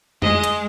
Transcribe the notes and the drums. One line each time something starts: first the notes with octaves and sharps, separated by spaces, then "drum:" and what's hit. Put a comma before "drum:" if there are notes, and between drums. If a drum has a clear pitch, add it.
G#3 D#5, drum: tom F2
drum: hi-hat